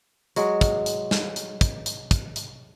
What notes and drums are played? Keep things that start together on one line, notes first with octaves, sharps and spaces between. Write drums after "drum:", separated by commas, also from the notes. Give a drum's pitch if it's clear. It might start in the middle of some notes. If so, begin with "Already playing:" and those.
F#3 G#3, drum: hi-hat
drum: kick, hi-hat
drum: hi-hat
drum: snare
drum: hi-hat
drum: kick, hi-hat
drum: hi-hat
drum: kick, hi-hat
drum: hi-hat